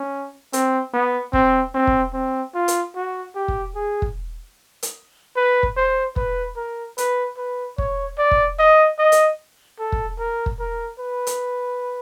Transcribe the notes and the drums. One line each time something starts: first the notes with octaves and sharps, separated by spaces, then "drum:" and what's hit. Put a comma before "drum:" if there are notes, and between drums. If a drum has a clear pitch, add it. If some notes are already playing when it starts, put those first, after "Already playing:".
Already playing: C#4
C4, drum: hi-hat
B3
C4, drum: kick
C4
drum: kick
C4
F4
drum: hi-hat
F#4
G4
drum: kick
G#4
drum: kick
drum: hi-hat
B4
drum: kick
C5
B4, drum: kick
A#4
B4, drum: hi-hat
B4
C#5, drum: kick
D5
drum: kick
D#5
D#5
drum: hi-hat
A4
drum: kick
A#4
drum: kick
A#4
B4
drum: hi-hat